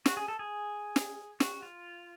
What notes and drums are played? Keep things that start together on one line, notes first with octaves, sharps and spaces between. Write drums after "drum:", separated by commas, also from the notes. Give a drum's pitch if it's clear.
F#4, drum: snare
G#4
A4
G#4
drum: snare
F#4, drum: snare
F4